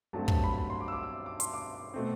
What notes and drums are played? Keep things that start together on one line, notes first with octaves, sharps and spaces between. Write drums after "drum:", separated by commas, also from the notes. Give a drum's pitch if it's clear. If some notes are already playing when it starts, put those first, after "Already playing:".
G2 F#3 A3 C4 A5
A5, drum: kick
B5
B5
C6
D6
E6
D6
E6
D6
C6, drum: hi-hat
D6
B2 A3 C4